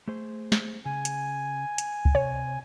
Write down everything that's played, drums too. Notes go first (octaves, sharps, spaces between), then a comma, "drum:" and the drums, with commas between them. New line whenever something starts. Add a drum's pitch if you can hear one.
A3 G#4 C5
drum: snare
C#3 G#5
drum: hi-hat
drum: hi-hat
drum: kick C#2
C3 C#5